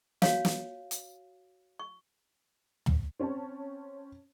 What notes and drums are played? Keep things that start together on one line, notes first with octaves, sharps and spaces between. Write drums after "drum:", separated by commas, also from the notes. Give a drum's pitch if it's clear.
F#4 C#5 F5, drum: snare
drum: snare
drum: hi-hat
C#6
drum: tom
C4 C#4 C#5 A5